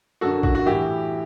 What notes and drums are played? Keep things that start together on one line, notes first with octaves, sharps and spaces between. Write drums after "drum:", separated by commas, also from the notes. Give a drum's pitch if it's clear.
F#2 D3 F#4 A4
F#4, drum: kick
F#4
A2 E3 E4 G4